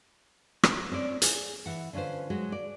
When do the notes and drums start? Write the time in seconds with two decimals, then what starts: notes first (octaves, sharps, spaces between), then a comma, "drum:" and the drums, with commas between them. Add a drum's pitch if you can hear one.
0.63 drum: rim click
0.92 C4 C#4 D5
1.22 G#4, drum: hi-hat
1.66 E3 F#5
1.93 D3 C#4 F4 B4 C5
2.30 F#3 G#3 F#4
2.52 D5